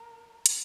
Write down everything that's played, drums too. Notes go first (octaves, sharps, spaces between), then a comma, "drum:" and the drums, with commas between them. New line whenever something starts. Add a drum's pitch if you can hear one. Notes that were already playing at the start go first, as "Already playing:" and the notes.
Already playing: A#4
drum: hi-hat